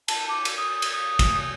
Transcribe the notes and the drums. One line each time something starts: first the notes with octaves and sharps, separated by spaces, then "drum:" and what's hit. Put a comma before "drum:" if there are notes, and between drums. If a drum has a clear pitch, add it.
A5, drum: cymbal
D6
drum: cymbal
D#6
drum: cymbal
D#6
drum: kick, cymbal